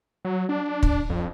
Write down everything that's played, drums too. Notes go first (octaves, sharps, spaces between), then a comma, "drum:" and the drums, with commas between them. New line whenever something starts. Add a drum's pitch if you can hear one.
F#3
D4
drum: kick
F2